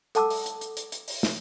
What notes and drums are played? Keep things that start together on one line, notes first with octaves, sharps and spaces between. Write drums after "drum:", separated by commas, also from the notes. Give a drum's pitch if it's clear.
A4 F#5 A5 D6 E6, drum: hi-hat
drum: open hi-hat
drum: hi-hat
drum: hi-hat
drum: hi-hat
drum: hi-hat
drum: open hi-hat
drum: snare